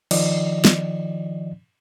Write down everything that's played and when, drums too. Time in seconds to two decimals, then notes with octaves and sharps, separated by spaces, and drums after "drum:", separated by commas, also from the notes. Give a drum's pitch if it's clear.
0.11 D#3 F3 D5 D#5, drum: cymbal
0.65 drum: snare